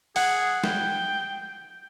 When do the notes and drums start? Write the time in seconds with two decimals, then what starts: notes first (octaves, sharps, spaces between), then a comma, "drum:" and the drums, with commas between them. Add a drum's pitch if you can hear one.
0.16 G#4 F#5, drum: open hi-hat
0.64 G5, drum: snare